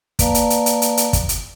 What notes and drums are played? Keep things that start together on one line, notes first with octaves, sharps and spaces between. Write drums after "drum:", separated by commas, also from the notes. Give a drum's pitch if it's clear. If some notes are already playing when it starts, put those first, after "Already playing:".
A#3 B4 D5 F5 A5 A#5, drum: kick, hi-hat
drum: hi-hat
drum: hi-hat
drum: hi-hat
drum: hi-hat
drum: hi-hat
drum: kick, hi-hat
drum: hi-hat